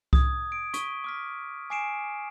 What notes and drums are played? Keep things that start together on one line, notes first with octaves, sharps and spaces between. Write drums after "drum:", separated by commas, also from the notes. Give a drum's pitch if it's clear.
D#6 G#6, drum: kick C2
D7
C#6 B6 D#7, drum: hi-hat
D6 F6 B6
G#5 D6 C7 D7 E7